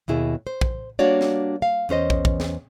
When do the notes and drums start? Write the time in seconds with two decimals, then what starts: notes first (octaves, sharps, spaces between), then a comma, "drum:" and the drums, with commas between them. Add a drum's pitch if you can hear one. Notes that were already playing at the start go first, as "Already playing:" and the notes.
0.08 D#2 B2 E4 G#4
0.47 C5
0.61 drum: kick
0.99 G3 A#3 D4 F#4 C#5 D5
1.21 drum: snare
1.62 F5
1.89 E2 C#4 C5 D#5
2.10 drum: kick
2.25 drum: kick
2.40 drum: snare